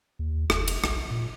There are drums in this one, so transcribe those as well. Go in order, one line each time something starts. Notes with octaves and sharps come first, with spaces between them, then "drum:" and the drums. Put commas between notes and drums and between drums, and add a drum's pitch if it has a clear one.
D#2
F1, drum: rim click
drum: cymbal
A#1, drum: rim click
A#2